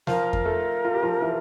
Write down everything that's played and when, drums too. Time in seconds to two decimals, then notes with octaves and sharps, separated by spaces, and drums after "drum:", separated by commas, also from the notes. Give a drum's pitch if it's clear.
0.07 F3 F4 A#4, drum: snare
0.33 drum: kick F2
0.45 A3 A4
0.85 F4
0.94 G4
1.03 F3 F4
1.22 E3 E4